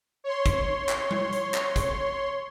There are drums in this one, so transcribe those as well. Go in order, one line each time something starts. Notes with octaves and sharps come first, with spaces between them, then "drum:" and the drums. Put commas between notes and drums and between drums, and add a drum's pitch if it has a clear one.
C#5 C6
drum: kick, hi-hat
drum: clap
drum: tom G3
drum: hi-hat
drum: clap
drum: kick, hi-hat